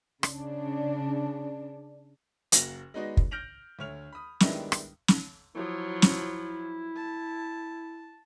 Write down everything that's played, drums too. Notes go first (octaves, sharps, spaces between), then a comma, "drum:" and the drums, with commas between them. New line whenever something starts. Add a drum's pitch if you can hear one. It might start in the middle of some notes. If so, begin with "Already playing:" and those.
C#3 D4, drum: rim click
F#1 A#3 F#4 A#6 F#7, drum: hi-hat
G#3 B3 D#4 F#4 D5 D#5
drum: kick
F6 G6 A#6 D7 F7 F#7
D2 A3 C#5 F6 F7
B5 D#6
D#3 G3 G#3 B3 D4 E4, drum: snare
drum: rim click
drum: snare
F3 F#3 E4
drum: snare
A5